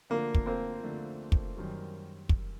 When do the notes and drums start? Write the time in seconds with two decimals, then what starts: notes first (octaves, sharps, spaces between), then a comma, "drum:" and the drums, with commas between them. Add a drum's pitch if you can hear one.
0.10 D3 F3 A3 A#3 D4
0.34 drum: kick
0.46 A#3 C4
0.83 D3 F3 A3 D4
1.32 drum: kick
1.57 F#2 D#3 G3
2.29 drum: kick